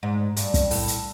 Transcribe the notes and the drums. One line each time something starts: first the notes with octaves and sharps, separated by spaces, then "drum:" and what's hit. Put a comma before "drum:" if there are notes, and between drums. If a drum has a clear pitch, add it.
G#2
G2, drum: hi-hat
drum: kick, hi-hat
A2, drum: open hi-hat
drum: hi-hat